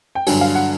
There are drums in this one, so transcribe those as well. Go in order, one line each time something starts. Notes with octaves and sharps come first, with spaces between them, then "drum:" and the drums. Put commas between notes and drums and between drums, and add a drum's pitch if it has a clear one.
G5
G2 D3 F#3 G#5, drum: open hi-hat
F5
F#5